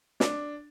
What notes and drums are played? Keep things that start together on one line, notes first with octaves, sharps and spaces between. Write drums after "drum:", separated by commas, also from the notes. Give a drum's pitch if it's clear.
D4, drum: snare